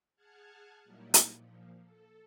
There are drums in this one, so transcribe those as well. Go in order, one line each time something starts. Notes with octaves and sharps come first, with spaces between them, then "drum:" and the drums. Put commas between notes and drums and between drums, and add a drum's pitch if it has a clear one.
G#4 F#5 A5 F6 F#6 G#6
A#2 F#3 G3 A#3 D#4 E4
drum: hi-hat
A#2 F3
A4